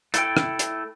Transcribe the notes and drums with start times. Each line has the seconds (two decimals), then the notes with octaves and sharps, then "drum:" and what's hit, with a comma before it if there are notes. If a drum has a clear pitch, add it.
0.14 A3 E4 A4 G5, drum: hi-hat
0.37 drum: rim click
0.59 drum: hi-hat